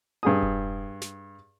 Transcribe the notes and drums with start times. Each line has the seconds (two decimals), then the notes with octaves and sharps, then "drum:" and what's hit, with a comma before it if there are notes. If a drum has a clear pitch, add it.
0.23 G2 G#4 D#6
0.43 drum: kick E1
1.02 drum: snare